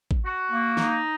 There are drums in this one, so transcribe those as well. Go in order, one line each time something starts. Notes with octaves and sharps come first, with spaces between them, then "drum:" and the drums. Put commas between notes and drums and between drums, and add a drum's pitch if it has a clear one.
drum: kick A1
F#4
A#3
D#4, drum: snare